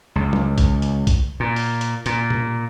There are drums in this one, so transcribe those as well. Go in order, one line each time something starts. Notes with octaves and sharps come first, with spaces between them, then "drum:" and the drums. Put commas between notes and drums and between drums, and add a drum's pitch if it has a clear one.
C#2
drum: tom
drum: kick, hi-hat
drum: hi-hat
drum: kick, hi-hat
A#2
drum: open hi-hat
drum: hi-hat
A#2, drum: hi-hat
drum: tom B2